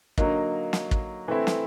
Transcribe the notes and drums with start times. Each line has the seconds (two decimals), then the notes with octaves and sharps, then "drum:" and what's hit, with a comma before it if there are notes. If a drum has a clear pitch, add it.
0.18 D3 F#3 A#3 D#4, drum: kick
0.73 drum: snare
0.91 drum: kick
1.28 E3 A3 C4 E4
1.47 drum: snare